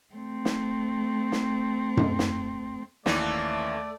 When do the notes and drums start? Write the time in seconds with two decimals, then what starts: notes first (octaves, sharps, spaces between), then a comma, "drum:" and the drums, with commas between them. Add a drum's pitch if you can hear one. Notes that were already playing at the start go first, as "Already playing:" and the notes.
0.14 A3 C4
0.45 drum: snare
1.32 drum: snare
1.97 drum: tom F#2
2.19 drum: snare
3.06 D#2 E3 A3 A#3 C#4 D5, drum: snare